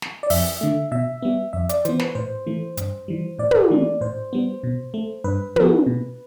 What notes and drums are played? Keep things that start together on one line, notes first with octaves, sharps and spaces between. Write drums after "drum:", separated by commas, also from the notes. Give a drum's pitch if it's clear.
drum: snare
D5
F2 E5, drum: open hi-hat
D3 A3
B2 E5
G3 B3
F2 E5
D5, drum: hi-hat
E3 B3 C5, drum: hi-hat
B4, drum: snare
A2 C5
E3 A3
G2, drum: hi-hat
E3 G3
A2 D5
drum: tom
E3 A3
A2 C5
G3 B3
B2
A3
G2 B4
F3 B3, drum: tom
B2